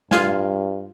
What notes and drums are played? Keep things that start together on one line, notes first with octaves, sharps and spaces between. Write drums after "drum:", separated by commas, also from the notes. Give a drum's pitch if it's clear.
G2 F4 F5 G#5, drum: snare